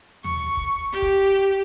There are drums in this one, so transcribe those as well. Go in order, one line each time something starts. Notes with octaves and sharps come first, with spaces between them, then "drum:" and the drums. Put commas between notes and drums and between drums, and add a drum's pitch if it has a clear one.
C#6, drum: tom D#2
drum: kick
G4
drum: kick